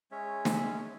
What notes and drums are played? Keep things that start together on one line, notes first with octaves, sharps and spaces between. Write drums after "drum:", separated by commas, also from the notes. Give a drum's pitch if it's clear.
G#3 C#4 C#5 E5
drum: snare